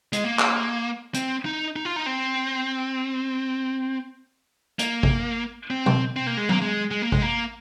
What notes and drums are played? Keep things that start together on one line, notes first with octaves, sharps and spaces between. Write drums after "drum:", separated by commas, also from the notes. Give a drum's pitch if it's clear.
G#3, drum: hi-hat
A#3
drum: clap
C4, drum: hi-hat
D#4
D#4
F4
D#4
C4
A#3, drum: hi-hat
drum: kick A1
C4
drum: tom
C4
A#3
G#3
A#3, drum: tom F#3
G#3
G#3
A#3
G#3, drum: kick A1
A#3